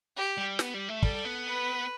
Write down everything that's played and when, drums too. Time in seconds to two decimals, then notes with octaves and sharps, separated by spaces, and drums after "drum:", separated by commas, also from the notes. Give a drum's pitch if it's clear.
0.16 G4
0.37 G3
0.59 B3, drum: snare
0.74 G3
0.89 A3
1.03 G3 A4, drum: kick
1.25 B3
1.46 B4